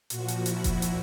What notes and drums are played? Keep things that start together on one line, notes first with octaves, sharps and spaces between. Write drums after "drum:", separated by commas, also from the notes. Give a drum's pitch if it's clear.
A#2 F3 F#4, drum: hi-hat
drum: hi-hat
E4, drum: hi-hat
drum: kick F1, hi-hat
drum: hi-hat